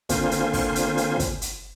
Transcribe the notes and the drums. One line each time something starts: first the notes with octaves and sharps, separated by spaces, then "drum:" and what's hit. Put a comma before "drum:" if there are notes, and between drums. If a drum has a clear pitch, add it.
D3 A#3 C4 F4 C5 G#5, drum: kick, hi-hat
drum: hi-hat
drum: kick, open hi-hat
drum: hi-hat
drum: hi-hat
drum: kick, hi-hat
drum: hi-hat